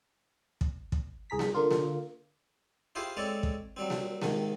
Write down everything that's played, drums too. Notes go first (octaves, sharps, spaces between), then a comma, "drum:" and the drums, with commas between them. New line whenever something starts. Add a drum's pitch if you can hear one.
drum: kick
drum: kick
C2 G#4 A#5 B6
drum: snare A#3
D3 A#3 F4
drum: snare A#3
E4 F4 G4 G#4 C5
G#3 C4 A4 C#5 D5
drum: kick
F#3 G3 C4
drum: snare A#3
G#2 C3 D#3, drum: snare A#3